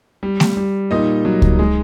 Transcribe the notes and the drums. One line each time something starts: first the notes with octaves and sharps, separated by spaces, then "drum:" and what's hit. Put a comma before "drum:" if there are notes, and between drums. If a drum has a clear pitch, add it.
G3
drum: snare A3
G3
A#2 D#4 D#5
F#3
drum: kick C#2
G#3